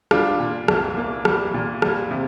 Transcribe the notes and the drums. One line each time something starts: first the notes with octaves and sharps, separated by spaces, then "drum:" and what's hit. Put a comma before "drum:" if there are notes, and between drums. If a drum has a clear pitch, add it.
G3 D4 F4, drum: rim click
A#2
C2, drum: rim click
A#3
G3, drum: rim click
A#2
G3, drum: rim click
C3